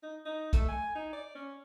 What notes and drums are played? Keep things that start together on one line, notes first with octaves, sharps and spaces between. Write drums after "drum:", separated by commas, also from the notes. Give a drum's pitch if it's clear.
D#4
D#4
A3, drum: kick, hi-hat
G#5
D#4
D5
C#4